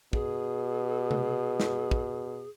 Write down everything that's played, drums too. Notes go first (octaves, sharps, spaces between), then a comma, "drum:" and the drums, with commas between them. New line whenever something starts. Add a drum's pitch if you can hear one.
B2 G#4, drum: kick
drum: tom C3
drum: snare
drum: kick